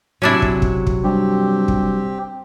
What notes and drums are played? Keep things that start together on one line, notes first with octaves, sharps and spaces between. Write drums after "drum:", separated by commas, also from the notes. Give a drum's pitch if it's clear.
C3 F#3 C#4 D4 E4
drum: kick
drum: kick
drum: kick
G2 C4 G4
drum: kick